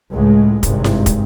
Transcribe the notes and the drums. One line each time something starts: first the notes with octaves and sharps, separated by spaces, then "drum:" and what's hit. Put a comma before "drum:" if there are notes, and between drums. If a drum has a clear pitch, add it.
C#2 A2 G#3
G#1 G2 C3 G#3, drum: kick, hi-hat
drum: snare E4
drum: kick, hi-hat